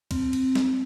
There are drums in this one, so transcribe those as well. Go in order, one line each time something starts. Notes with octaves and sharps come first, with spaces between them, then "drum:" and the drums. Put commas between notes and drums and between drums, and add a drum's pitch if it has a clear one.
C4, drum: kick, cymbal
drum: cymbal
drum: snare